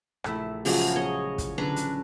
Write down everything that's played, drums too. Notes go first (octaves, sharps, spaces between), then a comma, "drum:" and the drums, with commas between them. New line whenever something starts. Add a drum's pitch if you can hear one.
A#1 A3 E4, drum: rim click
C#3 F3 F#3 G#3 G4 G#4, drum: open hi-hat
C#5 D#5
drum: kick, hi-hat
D3 F#3 C#4 D4 B4 A#5
drum: hi-hat